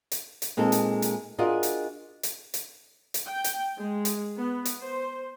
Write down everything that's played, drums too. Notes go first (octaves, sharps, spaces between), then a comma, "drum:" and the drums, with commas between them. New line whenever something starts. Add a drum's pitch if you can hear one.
drum: hi-hat
drum: hi-hat
A#2 G#3 A#3 C4 D#4 A4
drum: hi-hat
drum: hi-hat
D4 F4 F#4 G#4 A#4 D#5
drum: hi-hat
drum: hi-hat
drum: hi-hat
drum: hi-hat
G5
drum: hi-hat
G#3
drum: hi-hat
B3
drum: hi-hat
C5